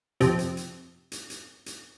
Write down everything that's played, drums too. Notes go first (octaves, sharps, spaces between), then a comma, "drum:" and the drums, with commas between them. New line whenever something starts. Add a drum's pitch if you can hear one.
F2 C3 F3, drum: hi-hat
drum: hi-hat
drum: hi-hat
drum: hi-hat
drum: hi-hat
drum: hi-hat